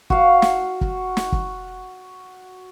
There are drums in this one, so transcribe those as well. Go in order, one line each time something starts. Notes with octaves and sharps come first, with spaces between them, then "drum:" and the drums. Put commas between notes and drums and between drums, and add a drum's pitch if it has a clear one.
F#4 F5, drum: kick
drum: snare
drum: kick
drum: snare
drum: kick